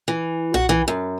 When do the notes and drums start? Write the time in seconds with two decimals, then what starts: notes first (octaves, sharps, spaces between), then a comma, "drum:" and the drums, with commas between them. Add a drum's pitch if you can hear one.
0.08 E3
0.54 F#4, drum: tom B1
0.69 E3
0.88 F#2